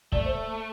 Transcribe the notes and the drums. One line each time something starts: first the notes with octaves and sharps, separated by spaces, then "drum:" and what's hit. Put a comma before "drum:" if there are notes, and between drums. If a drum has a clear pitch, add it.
A3 D5, drum: kick
C5